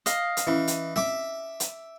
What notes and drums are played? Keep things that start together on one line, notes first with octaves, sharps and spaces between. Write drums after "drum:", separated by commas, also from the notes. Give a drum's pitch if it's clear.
D#5 F5, drum: hi-hat
drum: hi-hat
E3 C#4 E4
drum: hi-hat
E5 D6, drum: snare C4
drum: hi-hat